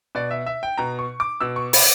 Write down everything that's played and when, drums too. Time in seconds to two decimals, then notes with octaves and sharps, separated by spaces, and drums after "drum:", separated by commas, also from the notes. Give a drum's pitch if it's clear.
0.15 B2 D5
0.31 E5
0.46 E5
0.63 G5
0.78 B2 A#5
0.99 C#6
1.20 D6
1.41 B2 E6
1.56 C#6
1.73 B5, drum: open hi-hat